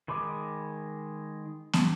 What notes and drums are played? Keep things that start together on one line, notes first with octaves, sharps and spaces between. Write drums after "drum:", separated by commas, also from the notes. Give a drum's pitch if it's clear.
D#3 G#3 B5 D6
drum: snare